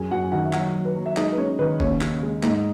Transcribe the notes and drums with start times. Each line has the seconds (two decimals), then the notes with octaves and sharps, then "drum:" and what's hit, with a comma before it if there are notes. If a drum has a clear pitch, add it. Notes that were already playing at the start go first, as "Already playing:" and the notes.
Already playing: F#2 G#4 G#5
0.11 F#2 F#4 F#5
0.32 D#3 F#4 F#5
0.46 E5
0.53 F#3 F#4 F#5, drum: clap
0.74 F#3
0.85 B4
0.95 F#3
1.06 E5
1.17 G#3 D#4 D#5, drum: clap
1.32 B4
1.38 G#3 C#4 C#5
1.59 D#3 B4
1.80 D#2 C#4 C#5, drum: kick
2.01 C#3, drum: clap
2.23 G#3
2.43 G#2 D#4 D#5, drum: clap